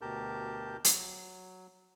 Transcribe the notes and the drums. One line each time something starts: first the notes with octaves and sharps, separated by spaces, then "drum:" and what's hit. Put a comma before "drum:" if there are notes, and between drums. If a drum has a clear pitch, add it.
D2 B2 G4 A#4 A5 G6
F#3, drum: hi-hat